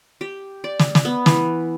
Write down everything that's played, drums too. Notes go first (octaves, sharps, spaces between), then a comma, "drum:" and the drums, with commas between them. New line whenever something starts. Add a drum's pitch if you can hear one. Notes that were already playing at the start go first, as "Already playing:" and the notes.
G4
D5
drum: snare
drum: snare
B3
E3, drum: snare